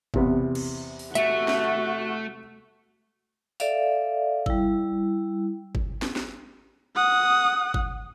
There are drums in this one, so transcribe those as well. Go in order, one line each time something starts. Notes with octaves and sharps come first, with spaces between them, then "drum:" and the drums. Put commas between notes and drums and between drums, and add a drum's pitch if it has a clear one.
E2 C3 B3, drum: kick G1
drum: cymbal
drum: open hi-hat
A3 F#4 E5, drum: hi-hat
drum: snare
A4 D5 E5 F5, drum: tambourine
G3 E4, drum: kick G1
drum: kick G1
drum: snare
drum: snare
F#5 D#6
drum: kick G1